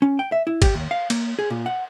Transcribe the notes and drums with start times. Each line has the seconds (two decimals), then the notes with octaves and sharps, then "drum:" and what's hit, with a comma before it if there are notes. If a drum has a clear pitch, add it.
0.02 C#4
0.19 G5
0.32 E5
0.47 E4
0.62 G4, drum: kick, cymbal
0.75 D#2
0.91 F5
1.10 A#3, drum: cymbal
1.39 G#4
1.50 A#2
1.66 F#5